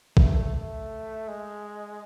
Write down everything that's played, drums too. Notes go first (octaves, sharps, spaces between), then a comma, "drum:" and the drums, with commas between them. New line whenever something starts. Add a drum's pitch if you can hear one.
A3, drum: kick A1
A3
G#3